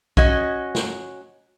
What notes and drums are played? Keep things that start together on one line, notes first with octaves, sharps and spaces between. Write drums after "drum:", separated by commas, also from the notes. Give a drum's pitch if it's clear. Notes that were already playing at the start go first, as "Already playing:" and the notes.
C#4 F#4 D#5, drum: kick
drum: snare